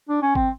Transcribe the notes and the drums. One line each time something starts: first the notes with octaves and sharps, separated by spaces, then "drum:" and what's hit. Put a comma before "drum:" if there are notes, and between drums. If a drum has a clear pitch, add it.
D4
C#4
C4, drum: kick G#1